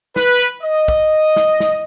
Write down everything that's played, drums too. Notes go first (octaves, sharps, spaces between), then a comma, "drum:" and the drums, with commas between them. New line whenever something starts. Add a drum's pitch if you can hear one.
B4, drum: snare
D#5
drum: kick
drum: snare
drum: snare